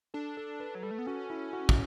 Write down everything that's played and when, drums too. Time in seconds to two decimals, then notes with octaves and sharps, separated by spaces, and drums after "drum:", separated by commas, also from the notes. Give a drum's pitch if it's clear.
0.14 D4 A4
0.37 A4
0.60 B4
0.75 F#3
0.83 G3 A4
0.91 A3
0.98 B3
1.06 C#4 F#4
1.30 E4
1.53 F#4
1.69 drum: kick